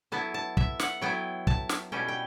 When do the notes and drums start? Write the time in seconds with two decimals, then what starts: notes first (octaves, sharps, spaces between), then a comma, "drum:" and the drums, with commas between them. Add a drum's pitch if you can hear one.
0.12 F#3 B3 E4 A5
0.34 A5
0.57 E5, drum: kick
0.80 F#5, drum: snare
1.02 F#3 B3 E4 G5
1.47 A5, drum: kick
1.69 drum: snare
1.92 B2 G3 C#4 E4 G5
2.08 G5